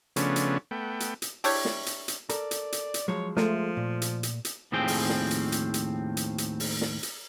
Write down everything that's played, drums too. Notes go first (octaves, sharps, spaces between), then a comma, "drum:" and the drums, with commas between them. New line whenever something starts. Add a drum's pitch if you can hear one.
C#3 F3 A3 B3 C#4 D4, drum: hi-hat
drum: hi-hat
A3 B3 G5
drum: hi-hat
drum: hi-hat
D4 E4 G4 C#5, drum: open hi-hat
drum: snare
drum: hi-hat
drum: hi-hat
A4 A#4 D5, drum: hi-hat
drum: hi-hat
drum: hi-hat
drum: hi-hat
F3 F#3 G#3 C#5
F3 G#3 A3, drum: snare
A#2
drum: hi-hat
drum: hi-hat
drum: hi-hat
D#2 A2 F3 C4 G#4 G5
drum: open hi-hat
drum: snare
drum: hi-hat
drum: hi-hat
drum: hi-hat
drum: hi-hat
drum: hi-hat
drum: open hi-hat
drum: snare
drum: hi-hat